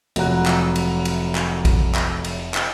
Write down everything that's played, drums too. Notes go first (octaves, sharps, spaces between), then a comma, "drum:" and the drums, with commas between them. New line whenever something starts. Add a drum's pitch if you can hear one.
F1 F#3 F4 F#5 A#5 F#6, drum: cymbal
drum: clap
drum: cymbal
drum: cymbal
drum: clap
drum: kick A#1, cymbal
drum: clap
drum: cymbal
drum: clap